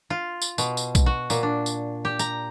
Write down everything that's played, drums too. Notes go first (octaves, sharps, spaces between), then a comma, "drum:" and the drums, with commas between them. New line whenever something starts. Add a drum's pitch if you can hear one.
F4
drum: tambourine
B2, drum: tambourine
drum: tambourine
drum: kick B1, tambourine
F#4
A#2, drum: tambourine
D4
drum: tambourine
G4
A#5, drum: tambourine